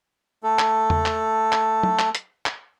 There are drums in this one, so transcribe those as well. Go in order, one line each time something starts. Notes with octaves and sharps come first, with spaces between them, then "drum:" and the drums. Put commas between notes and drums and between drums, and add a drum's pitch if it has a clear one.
A3 A4
drum: clap
drum: tom E2
drum: clap
drum: clap
drum: tom
drum: clap
drum: hi-hat
drum: clap